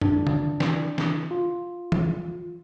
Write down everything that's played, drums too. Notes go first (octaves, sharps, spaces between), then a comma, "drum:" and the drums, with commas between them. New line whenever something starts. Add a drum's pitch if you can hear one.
D4, drum: tom
drum: tom
drum: snare
drum: snare
F4
drum: tom